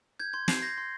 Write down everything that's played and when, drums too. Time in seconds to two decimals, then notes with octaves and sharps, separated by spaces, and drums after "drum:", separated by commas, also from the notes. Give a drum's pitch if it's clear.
0.19 G6 G#6
0.33 C6 G#6
0.48 G6 C7, drum: snare
0.62 G6 A#6
0.78 C6